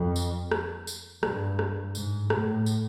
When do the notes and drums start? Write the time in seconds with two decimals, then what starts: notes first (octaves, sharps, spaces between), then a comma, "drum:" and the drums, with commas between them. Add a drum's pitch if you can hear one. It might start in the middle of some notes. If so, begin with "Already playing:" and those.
Already playing: F2
0.16 drum: tambourine
0.52 drum: rim click
0.87 drum: tambourine
1.23 G2, drum: rim click
1.59 drum: rim click
1.95 G#2, drum: tambourine
2.30 A2, drum: rim click
2.66 drum: tambourine